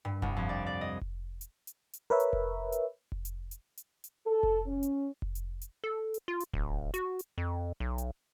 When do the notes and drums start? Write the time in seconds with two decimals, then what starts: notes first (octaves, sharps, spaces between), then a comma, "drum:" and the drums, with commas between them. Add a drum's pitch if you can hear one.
0.05 G2
0.22 C2, drum: kick F1
0.36 F2
0.49 D5
0.66 D5
0.81 D#5
1.01 drum: kick F1
1.41 drum: hi-hat
1.67 drum: hi-hat
1.93 drum: hi-hat
2.10 A#4 B4 C#5 E5
2.20 drum: hi-hat
2.33 drum: kick F1
2.72 drum: hi-hat
3.12 drum: kick F1
3.25 drum: hi-hat
3.51 drum: hi-hat
3.77 drum: hi-hat
4.04 drum: hi-hat
4.26 A4
4.43 drum: kick F1
4.66 C#4
4.83 drum: hi-hat
5.22 drum: kick F1
5.35 drum: hi-hat
5.61 drum: hi-hat
5.84 A4
6.14 drum: hi-hat
6.28 F4
6.40 drum: hi-hat
6.54 D1, drum: kick F1
6.94 F#4, drum: hi-hat
7.19 drum: hi-hat
7.38 F2
7.80 B1
7.98 drum: hi-hat